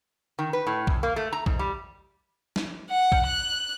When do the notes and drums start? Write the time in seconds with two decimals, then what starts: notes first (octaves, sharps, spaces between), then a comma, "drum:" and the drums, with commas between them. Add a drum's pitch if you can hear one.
0.39 D#3
0.53 B4
0.67 A2
0.87 E2, drum: kick A#1
1.03 A#3
1.16 A3
1.33 A#5
1.46 G#2, drum: kick A#1
1.59 G3
2.56 drum: snare
2.90 F#5
3.12 drum: kick A#1
3.27 F#6